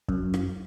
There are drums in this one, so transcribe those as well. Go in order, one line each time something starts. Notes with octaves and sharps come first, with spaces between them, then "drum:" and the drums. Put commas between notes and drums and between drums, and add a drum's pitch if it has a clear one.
F#2, drum: kick
drum: rim click